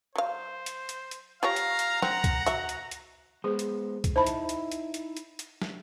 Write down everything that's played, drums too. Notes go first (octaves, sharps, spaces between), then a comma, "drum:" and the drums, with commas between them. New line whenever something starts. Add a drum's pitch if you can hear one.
F#3 C5 F5
drum: hi-hat
drum: hi-hat
drum: hi-hat
F4 G4 C#5 F5 A#5
drum: hi-hat
drum: hi-hat
C4 F#5, drum: snare
drum: kick, hi-hat
F#4 E5, drum: hi-hat
drum: hi-hat
drum: hi-hat
G#3 B3 G#4 C5
drum: hi-hat
drum: kick, hi-hat
D#4 E4 C5 A5 B5
drum: hi-hat
drum: hi-hat
drum: hi-hat
drum: hi-hat
drum: hi-hat
drum: hi-hat
drum: snare